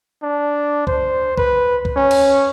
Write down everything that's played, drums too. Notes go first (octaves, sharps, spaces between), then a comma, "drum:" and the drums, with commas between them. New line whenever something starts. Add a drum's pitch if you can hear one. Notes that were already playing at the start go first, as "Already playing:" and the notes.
D4
C5, drum: kick C#2
B4, drum: kick C#2
drum: kick C#2
C#4
drum: cymbal